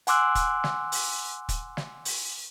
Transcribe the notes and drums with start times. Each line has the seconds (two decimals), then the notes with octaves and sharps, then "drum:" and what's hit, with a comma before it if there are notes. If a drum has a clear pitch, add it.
0.07 F#5 G#5 C6 D6 E6 F#6, drum: hi-hat
0.35 drum: kick, hi-hat
0.64 drum: snare
0.92 drum: open hi-hat
1.49 drum: kick, hi-hat
1.77 drum: snare
2.05 drum: open hi-hat